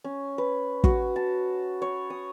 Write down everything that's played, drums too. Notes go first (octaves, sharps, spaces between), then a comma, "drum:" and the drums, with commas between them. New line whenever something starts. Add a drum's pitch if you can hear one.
C#4
B4
F#4, drum: kick
A5
C#5
D#6